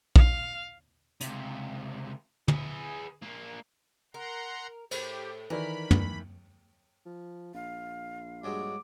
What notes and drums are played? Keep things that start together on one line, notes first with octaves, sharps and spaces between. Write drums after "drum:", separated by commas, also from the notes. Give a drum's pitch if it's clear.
F5, drum: kick
C#2 C3, drum: hi-hat
G#4 B4, drum: tom
A#3 D4
A#4 F#5 A#5 C6
A2 G4 C5, drum: cymbal
D#3 E3 A#4 B4 D5 B5
drum: tom
F3
A#1 F5
G2 F#3 G#3 D6